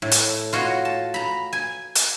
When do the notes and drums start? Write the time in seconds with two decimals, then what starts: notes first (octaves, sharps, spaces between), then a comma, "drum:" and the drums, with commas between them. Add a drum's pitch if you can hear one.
0.02 A2
0.11 drum: hi-hat
0.53 F4 F#4 C#5 D#5
0.85 A5
1.14 A#5 B5
1.53 G#5
1.95 drum: hi-hat